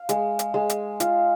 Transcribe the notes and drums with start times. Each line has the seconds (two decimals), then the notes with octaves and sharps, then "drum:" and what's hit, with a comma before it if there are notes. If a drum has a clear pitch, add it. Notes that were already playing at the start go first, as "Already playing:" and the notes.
Already playing: F5
0.09 G#3, drum: hi-hat
0.39 drum: hi-hat
0.54 G#3
0.69 drum: hi-hat
1.00 F4, drum: hi-hat